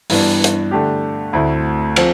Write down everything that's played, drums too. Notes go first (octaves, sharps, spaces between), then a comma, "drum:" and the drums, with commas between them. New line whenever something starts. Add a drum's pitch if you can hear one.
G2 E3 B3 D4, drum: open hi-hat
drum: hi-hat
D3 A3 D4 G4
D2 D3 A3 C4 E4
F3 C4, drum: cymbal